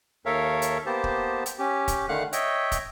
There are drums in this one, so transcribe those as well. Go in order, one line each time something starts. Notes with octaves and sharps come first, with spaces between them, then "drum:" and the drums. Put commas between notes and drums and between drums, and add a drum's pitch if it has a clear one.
D#2 A4 A#4 C#5 E5 F5
drum: hi-hat
A#3 B3 G4 C5 A5
drum: kick
drum: hi-hat
C#4 G4
drum: kick, hi-hat
D3 D#3 A3 F5 F#5 F#6
C#5 D#5 E5 G5, drum: hi-hat
drum: kick, hi-hat